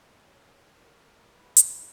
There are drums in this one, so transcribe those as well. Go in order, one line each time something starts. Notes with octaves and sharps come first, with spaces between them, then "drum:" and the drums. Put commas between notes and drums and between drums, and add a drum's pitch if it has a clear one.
A#4 C#5
A#4
B4
drum: hi-hat